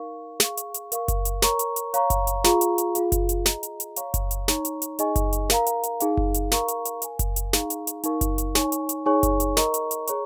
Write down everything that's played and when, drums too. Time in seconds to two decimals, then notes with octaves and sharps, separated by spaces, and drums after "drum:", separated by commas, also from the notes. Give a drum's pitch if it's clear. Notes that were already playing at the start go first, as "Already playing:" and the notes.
Already playing: D#4 A#4 F5 C#6
0.40 G#4 F5 C#6, drum: snare
0.57 drum: hi-hat
0.74 drum: hi-hat
0.92 A#4 F5 C#6, drum: hi-hat
1.08 drum: kick F#1, hi-hat
1.25 drum: hi-hat
1.42 A#4 C#5 A#5 C#6, drum: snare
1.59 drum: hi-hat
1.76 drum: hi-hat
1.94 C#5 F5 A#5 C#6, drum: hi-hat
2.10 drum: kick F#1, hi-hat
2.27 drum: hi-hat
2.44 F4 G#4 F5 A#5 C#6, drum: snare
2.61 drum: hi-hat
2.78 drum: hi-hat
2.95 F4 G#4 F5, drum: hi-hat
3.12 drum: kick F#1, hi-hat
3.29 drum: hi-hat
3.46 G#4 D#5 A#5, drum: snare
3.63 drum: hi-hat
3.80 drum: hi-hat
3.96 C#5 F5 A#5 C#6, drum: hi-hat
4.14 drum: kick F#1, hi-hat
4.31 drum: hi-hat
4.48 D#4 C#5 A#5 C#6, drum: snare
4.65 drum: hi-hat
4.82 drum: hi-hat
4.99 D#4 G#4 D#5 G#5 C#6, drum: hi-hat
5.16 drum: kick F#1, hi-hat
5.33 drum: hi-hat
5.50 A#4 F5 A#5, drum: snare
5.66 drum: hi-hat
5.83 drum: hi-hat
6.00 D#4 G#4 F5, drum: hi-hat
6.17 drum: kick F#1
6.34 drum: hi-hat
6.52 A#4 F5 A#5 C#6, drum: snare
6.68 drum: hi-hat
6.85 drum: hi-hat
7.02 A#4 F5 G#5, drum: hi-hat
7.19 drum: kick F#1, hi-hat
7.36 drum: hi-hat
7.53 D#4 G#4 F5 A#5 C#6, drum: snare
7.70 drum: hi-hat
7.87 drum: hi-hat
8.03 D#4 A#4 F5 C#6, drum: hi-hat
8.21 drum: kick F#1, hi-hat
8.38 drum: hi-hat
8.55 D#4 C#5 G#5 C#6, drum: snare
8.72 drum: hi-hat
8.89 drum: hi-hat
9.06 D#4 G#4 C#5 G#5 C#6
9.23 drum: kick F#1, hi-hat
9.40 drum: hi-hat
9.57 A#4 D#5 A#5 C#6, drum: snare
9.74 drum: hi-hat
9.91 drum: hi-hat
10.07 G#4 C#5 A#5 C#6, drum: hi-hat